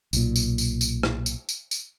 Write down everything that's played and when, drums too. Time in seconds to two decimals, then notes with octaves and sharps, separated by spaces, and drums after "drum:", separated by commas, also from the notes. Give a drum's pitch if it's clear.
0.13 B1 A#2, drum: tambourine
0.36 drum: tambourine
0.58 drum: tambourine
0.81 drum: tambourine
1.03 drum: rim click
1.26 drum: tambourine
1.49 drum: tambourine
1.71 drum: tambourine